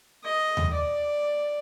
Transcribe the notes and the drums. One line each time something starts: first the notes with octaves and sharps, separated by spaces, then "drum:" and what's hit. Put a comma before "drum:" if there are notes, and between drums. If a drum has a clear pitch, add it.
D#5
drum: tom D#2
D5